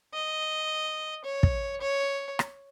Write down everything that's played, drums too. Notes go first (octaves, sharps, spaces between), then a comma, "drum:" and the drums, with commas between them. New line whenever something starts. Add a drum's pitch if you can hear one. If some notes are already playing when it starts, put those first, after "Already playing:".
D#5
C#5
drum: kick
C#5
drum: rim click